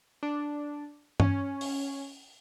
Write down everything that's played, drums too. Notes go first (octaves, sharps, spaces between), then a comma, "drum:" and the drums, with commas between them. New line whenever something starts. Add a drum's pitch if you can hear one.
D4
C#4, drum: tom G2
drum: open hi-hat